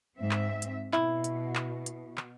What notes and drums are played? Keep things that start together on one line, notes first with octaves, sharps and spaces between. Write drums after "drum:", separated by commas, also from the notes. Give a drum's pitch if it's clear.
G#2 C4 E5
drum: clap
drum: hi-hat
B2 E4, drum: clap
drum: hi-hat
drum: clap
drum: hi-hat
drum: clap